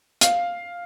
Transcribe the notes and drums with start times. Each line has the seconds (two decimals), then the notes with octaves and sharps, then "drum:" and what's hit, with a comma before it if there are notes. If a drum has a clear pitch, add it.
0.21 F5, drum: hi-hat